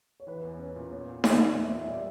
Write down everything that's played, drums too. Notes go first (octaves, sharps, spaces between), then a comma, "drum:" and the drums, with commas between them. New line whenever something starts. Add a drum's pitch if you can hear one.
C#5
E3 B4
E2
C#4 C#5
A#2
B3 C#5
A#2
A#3 D5, drum: snare D#4
E2
B3 E5
A#2
E5
G3 D5